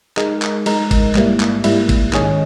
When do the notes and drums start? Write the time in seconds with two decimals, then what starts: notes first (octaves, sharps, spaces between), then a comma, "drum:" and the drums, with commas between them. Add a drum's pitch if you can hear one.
0.17 G#3 D#4 A#4, drum: clap
0.42 drum: clap
0.66 G#3 D#4 A#4, drum: cymbal
0.91 drum: kick G#1, cymbal
1.15 G#2 G3 A#3 E4, drum: clap
1.40 drum: clap
1.64 G#2 G3 A#3 E4, drum: cymbal
1.89 drum: kick G#1, cymbal
2.13 D#3 G#3 C#4 G#4 D#5, drum: clap